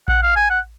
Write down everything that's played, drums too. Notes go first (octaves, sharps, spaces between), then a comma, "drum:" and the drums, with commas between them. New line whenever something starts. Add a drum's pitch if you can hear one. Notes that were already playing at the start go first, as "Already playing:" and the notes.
F#5, drum: kick A#1
F5
G#5
F#5